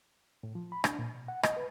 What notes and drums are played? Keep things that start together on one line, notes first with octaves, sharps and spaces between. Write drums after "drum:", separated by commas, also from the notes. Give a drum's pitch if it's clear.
A2
F3
B5
D4, drum: rim click
A#2
B2
F#5
D#5, drum: rim click
B4